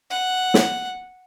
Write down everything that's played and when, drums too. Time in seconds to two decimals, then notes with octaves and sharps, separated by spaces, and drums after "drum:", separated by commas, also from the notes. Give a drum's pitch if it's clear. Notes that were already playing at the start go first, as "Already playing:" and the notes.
0.10 F#5
0.54 drum: snare